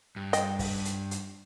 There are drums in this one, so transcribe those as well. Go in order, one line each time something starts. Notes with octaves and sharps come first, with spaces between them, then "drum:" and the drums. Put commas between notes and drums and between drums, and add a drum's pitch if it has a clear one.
G2
D#5 G5, drum: hi-hat
drum: kick, open hi-hat
drum: hi-hat
drum: hi-hat